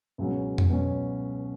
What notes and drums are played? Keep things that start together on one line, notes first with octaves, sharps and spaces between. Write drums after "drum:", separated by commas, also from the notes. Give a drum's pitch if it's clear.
C#2 B2 F#3 C#4
drum: tom F2
B2 F#3 C#4